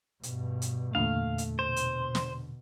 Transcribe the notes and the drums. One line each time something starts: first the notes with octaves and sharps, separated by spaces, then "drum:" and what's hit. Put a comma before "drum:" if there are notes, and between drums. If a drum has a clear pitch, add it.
G2 B2, drum: hi-hat
drum: hi-hat
E2 A#2 D3 A3 F5
drum: hi-hat
B2 C5
drum: hi-hat
drum: snare